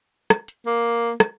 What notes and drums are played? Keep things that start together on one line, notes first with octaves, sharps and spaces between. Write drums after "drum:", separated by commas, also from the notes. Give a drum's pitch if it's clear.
drum: rim click
drum: hi-hat
A#3
drum: rim click